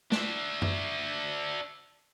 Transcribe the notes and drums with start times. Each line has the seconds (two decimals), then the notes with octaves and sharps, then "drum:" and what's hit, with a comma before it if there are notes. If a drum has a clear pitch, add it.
0.12 D4 E5, drum: snare
0.62 drum: tom F#2